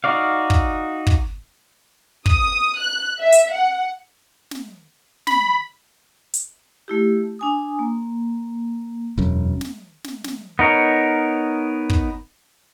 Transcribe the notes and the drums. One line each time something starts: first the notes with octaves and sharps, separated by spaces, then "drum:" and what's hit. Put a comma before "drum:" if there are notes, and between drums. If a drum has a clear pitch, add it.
D#4 F#4 D5 F5
drum: kick
drum: kick
D#6, drum: kick
F#6
E5
drum: hi-hat
F#5
drum: snare
B5, drum: snare
drum: hi-hat
A3 E4 G4
D4 G#5 D#6
A#3
E1 F#2
drum: snare
drum: snare
drum: snare
B3 D#4 A#4 C#5
drum: kick